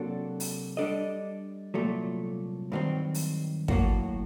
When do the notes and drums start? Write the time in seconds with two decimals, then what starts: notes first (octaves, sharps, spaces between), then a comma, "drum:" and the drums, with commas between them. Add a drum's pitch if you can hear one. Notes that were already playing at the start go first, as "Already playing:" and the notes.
Already playing: C3 F#3 A#3 D4 A4
0.40 drum: open hi-hat
0.77 G3 D4 A4 D#5
1.74 C2 A#2 F#3 A3
2.72 G2 D#3 F#3 C4
3.14 drum: open hi-hat
3.68 A2 F#3 A#3 F#4, drum: kick